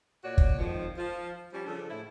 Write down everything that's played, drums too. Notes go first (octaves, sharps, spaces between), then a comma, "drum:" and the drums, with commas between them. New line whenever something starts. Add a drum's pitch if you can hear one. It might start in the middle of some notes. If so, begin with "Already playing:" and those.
A#2 F#4 C#5 D5
drum: kick
F2 G#2 D#3 F3
F3
F3 G3 C#4
C#3 F3 D4 A4
A2 E4